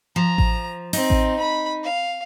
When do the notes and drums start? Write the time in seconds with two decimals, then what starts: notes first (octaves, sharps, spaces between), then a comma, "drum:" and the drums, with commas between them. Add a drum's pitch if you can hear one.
0.16 F3 A#5
0.38 drum: kick A1
0.93 C4 D#4, drum: open hi-hat
1.10 drum: kick A1
1.39 B5
1.83 F5